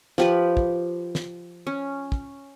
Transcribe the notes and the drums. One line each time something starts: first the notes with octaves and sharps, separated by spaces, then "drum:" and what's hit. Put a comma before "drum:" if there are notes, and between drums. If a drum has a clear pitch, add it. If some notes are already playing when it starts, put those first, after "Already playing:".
F3 G4 B4, drum: snare
drum: kick
drum: snare
C#4
drum: kick